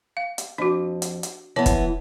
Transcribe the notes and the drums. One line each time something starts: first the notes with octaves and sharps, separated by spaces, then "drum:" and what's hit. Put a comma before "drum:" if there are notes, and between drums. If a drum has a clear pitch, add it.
F5
drum: hi-hat
F2 D4 F#4
drum: hi-hat
drum: hi-hat
E3 B3 C#5 A5
drum: kick, hi-hat